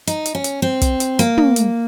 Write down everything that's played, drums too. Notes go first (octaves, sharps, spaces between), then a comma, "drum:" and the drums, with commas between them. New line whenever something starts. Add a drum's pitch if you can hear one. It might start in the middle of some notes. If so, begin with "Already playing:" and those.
D#4, drum: hi-hat
drum: hi-hat
C#4
drum: hi-hat
C4
drum: kick, hi-hat
drum: hi-hat
A#3, drum: hi-hat
drum: tom
drum: hi-hat